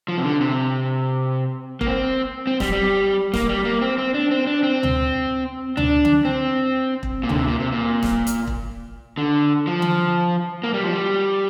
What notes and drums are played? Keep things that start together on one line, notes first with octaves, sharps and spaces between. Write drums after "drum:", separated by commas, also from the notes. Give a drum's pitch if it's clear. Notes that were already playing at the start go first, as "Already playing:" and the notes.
F3
C3
D3
C3
A#3, drum: kick E1
C4
C4
G3, drum: snare
G3
A#3, drum: snare
G3
A#3
C4
C4
D4
C4
D4
C4
drum: tom D2
D4, drum: tom D2
drum: tom D3
C4
drum: kick E1
A#2
D3, drum: tom D2
C3
A#2
C3
A#2
drum: snare
drum: hi-hat
drum: kick E1
D3
F3
drum: tom D3
A#3
G3
F3
G3